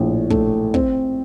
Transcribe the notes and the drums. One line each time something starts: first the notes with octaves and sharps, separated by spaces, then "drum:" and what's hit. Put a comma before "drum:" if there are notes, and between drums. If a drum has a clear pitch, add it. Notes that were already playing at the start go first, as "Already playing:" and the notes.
Already playing: A#1 A2
A3, drum: kick
C4, drum: kick